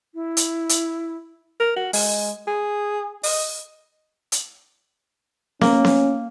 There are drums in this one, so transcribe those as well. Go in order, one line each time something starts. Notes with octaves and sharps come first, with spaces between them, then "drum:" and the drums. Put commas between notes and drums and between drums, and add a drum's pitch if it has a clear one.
E4
drum: hi-hat
drum: hi-hat
A#4
F#4
G#3, drum: open hi-hat
G#4
D#5, drum: open hi-hat
drum: hi-hat
A#3 C#4, drum: snare B3
drum: snare B3